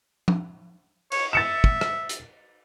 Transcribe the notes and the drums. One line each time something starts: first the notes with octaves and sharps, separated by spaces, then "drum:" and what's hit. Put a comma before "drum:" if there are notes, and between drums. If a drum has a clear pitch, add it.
drum: tom F3
C#5, drum: cymbal
E5 A6 C#7 E7
drum: kick
drum: rim click
drum: hi-hat